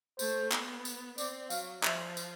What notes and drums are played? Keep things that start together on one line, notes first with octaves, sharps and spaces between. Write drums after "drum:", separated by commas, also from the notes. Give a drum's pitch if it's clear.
A3 C5, drum: tambourine
B3, drum: clap
drum: tambourine
C4 D5, drum: tambourine
F#3 F5, drum: tambourine
F3 E5, drum: clap
drum: tambourine